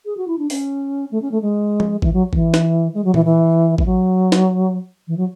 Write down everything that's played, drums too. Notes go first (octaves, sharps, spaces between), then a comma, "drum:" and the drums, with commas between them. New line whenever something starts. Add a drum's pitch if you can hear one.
G#4
F#4
E4
D4
C#4, drum: open hi-hat
A3
C#4
A3
G#3
drum: tom F3
E3, drum: kick A1
F#3
E3, drum: kick A1
drum: snare
G#3
F#3
E3, drum: tom A#2
E3
E3, drum: kick A1
F#3
drum: snare
E3
F#3